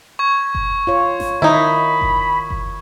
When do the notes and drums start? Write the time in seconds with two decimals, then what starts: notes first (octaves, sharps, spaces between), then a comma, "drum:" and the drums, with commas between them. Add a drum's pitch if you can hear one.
0.19 C#6 G#6
0.55 drum: kick F#1
0.87 F4 C#5
1.20 drum: snare G#1
1.42 D#3 D#4 E4 B5
2.01 drum: kick F#1
2.50 drum: kick F#1